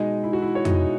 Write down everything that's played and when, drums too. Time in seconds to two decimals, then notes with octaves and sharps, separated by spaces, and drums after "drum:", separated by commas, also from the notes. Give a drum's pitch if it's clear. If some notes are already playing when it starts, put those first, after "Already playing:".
Already playing: B2 G#3 D#4
0.24 E4
0.33 F#4
0.42 E4
0.55 C#5
0.65 B2 G#3 D#4 D#5, drum: tom F2